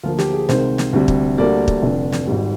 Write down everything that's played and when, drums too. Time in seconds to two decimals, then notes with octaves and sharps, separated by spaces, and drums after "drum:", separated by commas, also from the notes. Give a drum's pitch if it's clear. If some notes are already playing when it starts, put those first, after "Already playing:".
0.03 D2 D3 F3 A#3 F4
0.18 G4, drum: snare
0.33 G#4
0.49 C2 C3 D#3 G#3 C5, drum: snare
0.78 drum: snare
0.93 D2 C3 G3
1.08 drum: kick
1.38 D2 D3 G3 A#3 D5
1.68 drum: kick
1.82 F1 F2 D3
2.12 drum: snare
2.27 G#1 G#2 G3